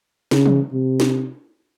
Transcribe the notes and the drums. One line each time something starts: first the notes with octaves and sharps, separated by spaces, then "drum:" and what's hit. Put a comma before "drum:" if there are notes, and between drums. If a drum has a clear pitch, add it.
C#3, drum: snare
drum: tom E3
C3
drum: snare